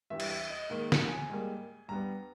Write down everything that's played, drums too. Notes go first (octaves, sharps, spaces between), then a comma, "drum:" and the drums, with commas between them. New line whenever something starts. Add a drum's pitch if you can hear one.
G2 E3 G3 E5
drum: cymbal
E5
D#5
G#2 D#3 A#3
drum: snare
G#5
G#2 G3 A#3
G2 G3 B3 A#5